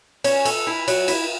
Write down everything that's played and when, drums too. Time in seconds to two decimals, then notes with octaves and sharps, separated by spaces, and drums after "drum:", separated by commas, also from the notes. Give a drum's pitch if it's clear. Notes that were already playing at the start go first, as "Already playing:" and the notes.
0.24 C#4, drum: cymbal
0.45 A4, drum: cymbal
0.67 E4
0.88 F#3, drum: cymbal
1.08 E4, drum: cymbal